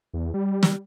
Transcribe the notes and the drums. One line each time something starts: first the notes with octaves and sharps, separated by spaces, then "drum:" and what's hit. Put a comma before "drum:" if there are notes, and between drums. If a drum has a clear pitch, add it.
E2
G3
drum: snare